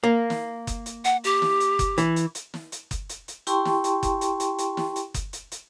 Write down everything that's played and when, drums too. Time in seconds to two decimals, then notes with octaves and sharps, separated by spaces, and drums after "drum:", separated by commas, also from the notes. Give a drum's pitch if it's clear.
0.04 A#3
0.30 drum: snare
0.67 drum: kick F#1, hi-hat
0.86 drum: hi-hat
1.05 F#5, drum: hi-hat
1.24 G4, drum: hi-hat
1.42 drum: snare
1.60 drum: hi-hat
1.79 drum: kick F#1, hi-hat
1.98 E3, drum: hi-hat
2.16 drum: hi-hat
2.35 drum: hi-hat
2.54 drum: snare
2.72 drum: hi-hat
2.91 drum: kick F#1, hi-hat
3.09 drum: hi-hat
3.28 drum: hi-hat
3.47 E4 G4 G5 A5 C6 C#6, drum: hi-hat
3.65 drum: snare
3.84 drum: hi-hat
4.03 drum: kick F#1, hi-hat
4.21 drum: hi-hat
4.40 drum: hi-hat
4.59 drum: hi-hat
4.77 drum: snare
4.96 drum: hi-hat
5.14 drum: kick F#1, hi-hat
5.33 drum: hi-hat
5.52 drum: hi-hat